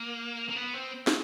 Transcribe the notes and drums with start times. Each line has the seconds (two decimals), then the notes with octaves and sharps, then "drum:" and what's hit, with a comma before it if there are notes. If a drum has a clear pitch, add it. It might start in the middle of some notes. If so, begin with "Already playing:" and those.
Already playing: A#3
0.49 A#3
0.56 B3
0.74 C4
1.07 drum: snare